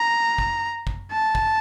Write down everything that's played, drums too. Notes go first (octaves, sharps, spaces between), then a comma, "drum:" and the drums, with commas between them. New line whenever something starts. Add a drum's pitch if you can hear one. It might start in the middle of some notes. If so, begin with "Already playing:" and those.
Already playing: A#5
drum: kick
drum: kick
A5
drum: kick